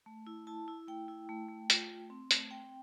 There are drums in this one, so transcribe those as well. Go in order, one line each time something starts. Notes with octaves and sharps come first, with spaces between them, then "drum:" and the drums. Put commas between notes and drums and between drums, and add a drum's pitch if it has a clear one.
A3
E4
E4 A5
E4
A3 G5
E4
A3
A3
F4, drum: hi-hat
A3
C4
A3, drum: hi-hat
C4 G5